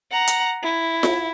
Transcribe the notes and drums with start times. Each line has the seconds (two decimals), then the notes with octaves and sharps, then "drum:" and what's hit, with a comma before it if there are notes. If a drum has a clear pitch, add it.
0.11 F#5 A#5
0.27 drum: hi-hat
0.64 E4
1.03 drum: snare F4